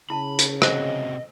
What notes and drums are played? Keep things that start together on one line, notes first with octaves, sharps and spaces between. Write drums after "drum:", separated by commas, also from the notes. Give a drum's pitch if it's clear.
C#3 E4 A5 B5
drum: hi-hat
C3 F#4 C5 D#5 G#5, drum: rim click